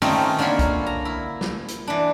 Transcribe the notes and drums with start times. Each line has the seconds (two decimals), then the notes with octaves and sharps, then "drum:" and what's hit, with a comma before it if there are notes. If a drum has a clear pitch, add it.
0.02 D#3 A3 C4 C#4 D#4 F4, drum: open hi-hat
0.38 D3 A#3 F4 C#5 B5
0.59 drum: kick B1, hi-hat
0.86 A#5
1.05 E4
1.41 drum: snare
1.68 drum: hi-hat
1.88 E3 D4